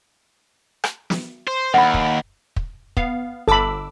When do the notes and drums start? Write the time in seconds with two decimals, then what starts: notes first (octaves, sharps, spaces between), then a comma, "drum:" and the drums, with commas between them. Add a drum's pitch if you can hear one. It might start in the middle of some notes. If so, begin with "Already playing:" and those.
0.84 drum: rim click
1.10 drum: snare
1.47 C5
1.74 D#2 F#5 B5
1.94 drum: kick
2.56 drum: kick
2.97 B3 F5, drum: kick
3.48 G1 A4 B5 D6 E6